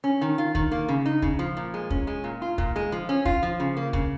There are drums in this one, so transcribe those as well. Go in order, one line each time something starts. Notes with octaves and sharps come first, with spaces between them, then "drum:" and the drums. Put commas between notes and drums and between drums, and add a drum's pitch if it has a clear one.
C#4
D#3
F4
D#3, drum: kick
A#3
C#3
D#4
C#3, drum: kick
F3
A#2
G#3
C#4, drum: kick
G#3
A#2
F4
A#2, drum: kick
G#3
F3
C#4
F4, drum: kick
F3
C#3
A#3
C#3, drum: kick